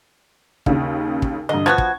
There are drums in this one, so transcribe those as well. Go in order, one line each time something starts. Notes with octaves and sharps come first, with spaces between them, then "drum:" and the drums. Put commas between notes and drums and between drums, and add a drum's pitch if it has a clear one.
D#2 C#3, drum: kick
drum: kick
G2 D3 D#5
F3 B3 F#4 G#6
drum: kick